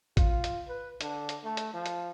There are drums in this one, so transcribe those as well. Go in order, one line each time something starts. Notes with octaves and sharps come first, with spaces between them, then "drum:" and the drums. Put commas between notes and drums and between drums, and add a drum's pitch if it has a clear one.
F4, drum: kick A1, hi-hat
drum: hi-hat
B4
D3, drum: hi-hat
drum: hi-hat
A3
drum: hi-hat
F3
drum: hi-hat